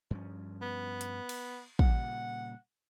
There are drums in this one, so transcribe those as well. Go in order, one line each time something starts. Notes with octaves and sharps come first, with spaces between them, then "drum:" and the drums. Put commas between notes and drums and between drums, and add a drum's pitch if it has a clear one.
G2 F3 C#4
B3
drum: hi-hat
drum: cymbal
A#2 C#3 G3 F#5, drum: kick